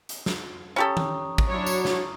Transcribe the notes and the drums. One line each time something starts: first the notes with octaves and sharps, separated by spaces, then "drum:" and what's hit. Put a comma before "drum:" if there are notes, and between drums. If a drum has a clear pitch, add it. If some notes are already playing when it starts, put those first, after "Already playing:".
drum: hi-hat
drum: snare
C#4 G4 A4 A#5 C#6 D#6
drum: tom D#3
drum: kick
F#3 D4 E4 C#5
drum: tambourine
drum: snare